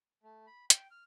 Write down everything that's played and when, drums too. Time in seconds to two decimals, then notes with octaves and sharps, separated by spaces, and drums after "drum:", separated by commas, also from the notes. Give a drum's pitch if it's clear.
0.23 A3
0.47 B5
0.70 G5, drum: hi-hat
0.91 F6